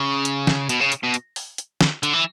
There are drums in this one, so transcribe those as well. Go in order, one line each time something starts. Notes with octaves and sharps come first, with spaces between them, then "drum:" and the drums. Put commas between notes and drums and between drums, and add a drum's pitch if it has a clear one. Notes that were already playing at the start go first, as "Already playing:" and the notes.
Already playing: C#3
drum: hi-hat
drum: snare
B2, drum: hi-hat
C#3
drum: hi-hat
B2
drum: hi-hat
drum: open hi-hat
drum: hi-hat
drum: snare
D3, drum: hi-hat
E3